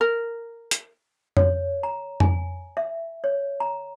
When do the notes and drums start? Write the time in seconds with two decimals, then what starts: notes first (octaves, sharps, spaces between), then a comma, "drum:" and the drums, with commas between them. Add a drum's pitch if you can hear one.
0.01 A#4
0.71 drum: hi-hat
1.37 C#5, drum: tom F2
1.83 A#5
2.20 G#5, drum: tom F2
2.77 E5
3.24 C#5
3.60 A#5